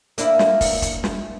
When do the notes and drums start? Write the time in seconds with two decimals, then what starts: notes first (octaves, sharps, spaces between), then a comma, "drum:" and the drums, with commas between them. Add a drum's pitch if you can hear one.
0.18 A#3 D4 E4, drum: hi-hat
0.39 drum: snare
0.61 drum: kick, open hi-hat
0.82 drum: kick, hi-hat
1.04 drum: snare